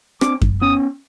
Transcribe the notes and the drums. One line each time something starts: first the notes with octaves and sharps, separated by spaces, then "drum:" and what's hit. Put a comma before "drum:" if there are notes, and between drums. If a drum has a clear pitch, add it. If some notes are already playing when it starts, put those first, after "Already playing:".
C4 D4 D6, drum: rim click
drum: kick F#2
B3 C#4 D#6